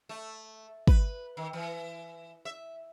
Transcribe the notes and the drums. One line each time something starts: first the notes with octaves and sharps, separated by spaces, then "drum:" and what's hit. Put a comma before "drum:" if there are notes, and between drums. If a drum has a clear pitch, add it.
A3
B4, drum: kick
D#3
E3
E5